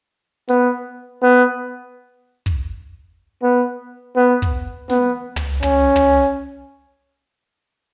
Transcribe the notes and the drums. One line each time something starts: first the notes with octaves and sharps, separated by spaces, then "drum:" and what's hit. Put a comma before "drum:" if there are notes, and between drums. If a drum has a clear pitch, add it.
B3, drum: hi-hat
B3
drum: kick
B3
B3
drum: kick
B3, drum: snare
drum: tom
C#4, drum: tom
drum: tom